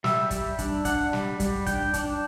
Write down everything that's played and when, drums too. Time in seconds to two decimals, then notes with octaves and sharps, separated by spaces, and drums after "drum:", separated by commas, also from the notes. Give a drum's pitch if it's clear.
0.04 G3 E5, drum: snare
0.31 G3, drum: kick, hi-hat
0.58 D4, drum: kick, hi-hat
0.85 D4 F#5, drum: kick, hi-hat
1.13 G3, drum: snare
1.40 G3, drum: kick, hi-hat
1.66 D4 G5, drum: kick, hi-hat
1.94 D4, drum: kick, hi-hat